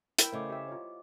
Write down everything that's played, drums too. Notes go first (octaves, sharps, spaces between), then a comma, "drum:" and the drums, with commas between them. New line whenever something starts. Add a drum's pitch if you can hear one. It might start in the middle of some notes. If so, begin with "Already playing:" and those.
E4 A#4 E5 G5, drum: hi-hat
C#3 A3 C5 D#5 D6
G4 E5
F4 C#5